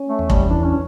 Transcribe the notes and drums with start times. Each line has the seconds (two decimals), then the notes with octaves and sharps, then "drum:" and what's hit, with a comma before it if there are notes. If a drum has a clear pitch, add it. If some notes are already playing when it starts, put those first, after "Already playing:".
Already playing: C#4
0.09 A3
0.19 E2
0.30 G3, drum: kick
0.50 E3 D4
0.66 C#4